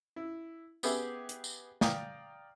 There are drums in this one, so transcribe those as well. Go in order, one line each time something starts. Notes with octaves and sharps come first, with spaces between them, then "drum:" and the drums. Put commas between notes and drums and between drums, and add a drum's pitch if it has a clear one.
E4
B3 G4 G#4 B4 E5, drum: tambourine
drum: hi-hat
drum: tambourine
D5 F5 G5 A#5 D6 D#6, drum: snare